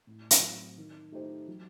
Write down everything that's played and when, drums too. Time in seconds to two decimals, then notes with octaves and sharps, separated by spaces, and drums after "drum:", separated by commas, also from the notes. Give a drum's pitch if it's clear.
0.07 A2
0.31 drum: hi-hat
0.42 F#3 C4
0.77 D#3
1.12 A3 D#4 G4 C5
1.48 F#3